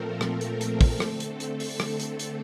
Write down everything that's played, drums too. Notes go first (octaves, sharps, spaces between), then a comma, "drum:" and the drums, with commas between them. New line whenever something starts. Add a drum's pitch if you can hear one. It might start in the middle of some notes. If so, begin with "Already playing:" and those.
Already playing: A#2 F3 A3 C4 A4 A#4
A4, drum: rim click
drum: hi-hat
drum: hi-hat
drum: kick, open hi-hat
D3 A3 C4, drum: rim click
drum: hi-hat
drum: hi-hat
drum: open hi-hat
drum: rim click
drum: hi-hat
drum: hi-hat